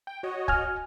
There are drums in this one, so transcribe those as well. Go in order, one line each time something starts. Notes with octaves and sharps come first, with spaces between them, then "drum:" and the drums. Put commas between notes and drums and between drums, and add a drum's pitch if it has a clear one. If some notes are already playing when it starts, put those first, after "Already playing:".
G5
F#4 C#5 D#5
G#5 F6, drum: kick